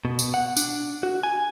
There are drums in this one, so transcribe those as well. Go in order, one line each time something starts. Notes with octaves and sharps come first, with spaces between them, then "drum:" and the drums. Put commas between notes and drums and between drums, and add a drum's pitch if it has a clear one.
B2
drum: tambourine
F#5
D4, drum: tambourine
F#4
G#5